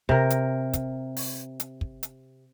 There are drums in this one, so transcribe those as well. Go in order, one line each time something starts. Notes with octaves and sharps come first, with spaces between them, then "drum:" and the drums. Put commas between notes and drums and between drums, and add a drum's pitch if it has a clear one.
C3 A#4, drum: kick
drum: hi-hat
drum: kick, hi-hat
drum: open hi-hat
drum: hi-hat
drum: kick
drum: hi-hat